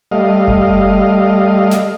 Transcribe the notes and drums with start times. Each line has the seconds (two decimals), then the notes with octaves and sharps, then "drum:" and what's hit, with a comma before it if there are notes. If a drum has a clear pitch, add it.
0.12 G3 A3 D#5 F5
0.48 drum: kick F#1
1.71 drum: snare